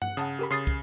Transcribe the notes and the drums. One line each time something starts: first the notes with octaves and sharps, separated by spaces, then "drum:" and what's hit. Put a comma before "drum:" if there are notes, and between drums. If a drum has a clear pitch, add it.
F#5, drum: tom G2
C#3 F#5 A5 D#6
G4 A#4 B5
C#3 C6 D#6 A6 C7
drum: kick